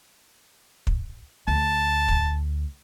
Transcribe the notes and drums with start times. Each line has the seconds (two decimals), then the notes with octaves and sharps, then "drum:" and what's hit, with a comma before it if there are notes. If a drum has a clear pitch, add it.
0.87 drum: kick
1.48 D2 A5
2.08 drum: kick